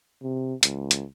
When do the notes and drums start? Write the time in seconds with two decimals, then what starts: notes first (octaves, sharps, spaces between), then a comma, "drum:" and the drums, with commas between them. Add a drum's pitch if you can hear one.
0.23 C3
0.63 C#2, drum: hi-hat
0.91 drum: hi-hat